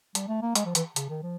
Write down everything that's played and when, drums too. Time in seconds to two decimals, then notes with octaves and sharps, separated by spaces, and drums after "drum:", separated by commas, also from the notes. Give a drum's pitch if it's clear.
0.15 G3, drum: hi-hat
0.28 A3
0.42 A#3
0.55 G#3, drum: hi-hat
0.66 F3
0.75 E3, drum: hi-hat
0.96 C#3, drum: hi-hat
1.09 D#3
1.23 F3